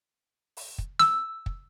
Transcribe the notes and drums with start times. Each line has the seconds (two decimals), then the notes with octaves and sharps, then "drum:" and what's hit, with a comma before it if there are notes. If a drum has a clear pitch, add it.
0.57 drum: open hi-hat
0.78 drum: kick
0.99 E6, drum: snare
1.46 drum: kick